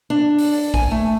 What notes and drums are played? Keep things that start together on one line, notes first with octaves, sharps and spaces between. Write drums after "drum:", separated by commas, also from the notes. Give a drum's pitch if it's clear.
D4
drum: open hi-hat
G#5, drum: kick
A3